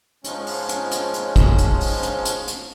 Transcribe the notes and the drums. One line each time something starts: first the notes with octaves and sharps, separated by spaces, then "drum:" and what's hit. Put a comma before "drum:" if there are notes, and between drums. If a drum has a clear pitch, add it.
G#2 F3 G#3 C#4, drum: hi-hat
drum: open hi-hat
drum: hi-hat
drum: hi-hat
drum: hi-hat
drum: kick, hi-hat
drum: hi-hat
drum: open hi-hat
drum: hi-hat
drum: hi-hat
drum: hi-hat